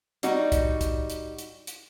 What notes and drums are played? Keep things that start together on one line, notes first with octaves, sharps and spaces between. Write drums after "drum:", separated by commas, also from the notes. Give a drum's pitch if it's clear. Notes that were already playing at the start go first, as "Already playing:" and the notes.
G3 D#4 F#4, drum: hi-hat
drum: kick C2, hi-hat
drum: kick C2, hi-hat
drum: hi-hat
drum: hi-hat
drum: hi-hat